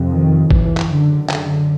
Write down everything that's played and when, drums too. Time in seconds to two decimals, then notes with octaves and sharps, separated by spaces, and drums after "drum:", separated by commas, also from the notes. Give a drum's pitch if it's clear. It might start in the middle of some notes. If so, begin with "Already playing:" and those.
Already playing: F2 C3
0.11 D#3
0.51 F#2 C#3 E3, drum: kick
0.77 drum: clap
0.90 D3
1.29 D3, drum: clap